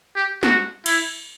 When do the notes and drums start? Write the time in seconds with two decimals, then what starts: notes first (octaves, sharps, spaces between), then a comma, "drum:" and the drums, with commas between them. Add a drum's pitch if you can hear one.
0.16 G4
0.43 F#4, drum: snare
0.86 E4, drum: cymbal